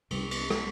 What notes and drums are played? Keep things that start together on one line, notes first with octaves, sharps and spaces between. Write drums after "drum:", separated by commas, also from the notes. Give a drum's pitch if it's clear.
C2 C3 G3, drum: cymbal
drum: cymbal
G#3, drum: rim click